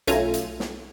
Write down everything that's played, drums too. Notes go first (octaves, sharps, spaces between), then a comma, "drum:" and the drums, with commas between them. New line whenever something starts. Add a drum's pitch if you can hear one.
B1 A3 C#4 F4 G#5 A#5, drum: hi-hat
drum: hi-hat
drum: snare